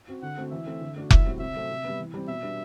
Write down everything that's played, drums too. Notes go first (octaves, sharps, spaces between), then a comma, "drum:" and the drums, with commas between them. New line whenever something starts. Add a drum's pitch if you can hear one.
C4 F#4
D3 F#5
A3 C4 F#4
E3 E5
A3 C4
D3
A3 D4 F#4
A2 E5, drum: kick F1
G3 C4 F#4
C3 E5
F#3 A3 C4
C3
G3 B3
E3
G3 C4
B2 E5
G3 B3 D4